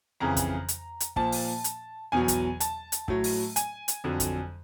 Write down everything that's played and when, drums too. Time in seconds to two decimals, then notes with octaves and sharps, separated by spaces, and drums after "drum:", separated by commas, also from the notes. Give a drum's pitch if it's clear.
0.20 F2 C#3 E3 A#5
0.37 drum: kick, hi-hat
0.69 drum: hi-hat
1.00 drum: hi-hat
1.16 A#2 F3 A5, drum: kick
1.32 drum: open hi-hat
1.64 drum: hi-hat
2.12 E2 B2 F#3 G#5
2.28 drum: kick, hi-hat
2.60 A5, drum: hi-hat
2.92 drum: hi-hat
3.08 A2 F#3, drum: kick
3.24 drum: open hi-hat
3.56 G#5, drum: hi-hat
3.88 drum: hi-hat
4.04 F2 D3 F#3
4.20 drum: kick, hi-hat